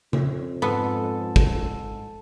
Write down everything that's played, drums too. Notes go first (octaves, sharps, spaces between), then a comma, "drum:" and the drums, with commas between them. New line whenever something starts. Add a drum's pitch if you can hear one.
F2, drum: tom C#3
G#2 B3 A4
drum: kick